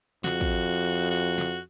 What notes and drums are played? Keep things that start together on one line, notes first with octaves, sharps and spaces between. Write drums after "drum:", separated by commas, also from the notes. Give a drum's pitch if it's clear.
F2 F#4, drum: snare
drum: kick
F#4
drum: snare